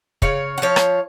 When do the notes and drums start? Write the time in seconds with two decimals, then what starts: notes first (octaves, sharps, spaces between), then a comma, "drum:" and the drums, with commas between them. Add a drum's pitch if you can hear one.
0.22 C#3 C#5 F5, drum: kick
0.58 F#5
0.62 F3 C#5 F5
0.76 drum: rim click